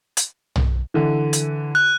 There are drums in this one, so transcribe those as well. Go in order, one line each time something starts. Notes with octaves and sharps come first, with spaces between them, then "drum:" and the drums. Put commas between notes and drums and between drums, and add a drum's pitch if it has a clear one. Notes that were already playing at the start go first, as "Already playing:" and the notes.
drum: hi-hat
drum: tom
D3 E3
drum: hi-hat
F#6